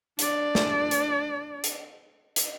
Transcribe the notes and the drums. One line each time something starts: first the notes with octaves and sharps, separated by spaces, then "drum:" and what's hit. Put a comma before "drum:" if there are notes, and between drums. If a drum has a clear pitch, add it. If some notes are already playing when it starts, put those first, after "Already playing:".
D4 D5, drum: hi-hat
drum: snare
drum: hi-hat
drum: hi-hat
drum: hi-hat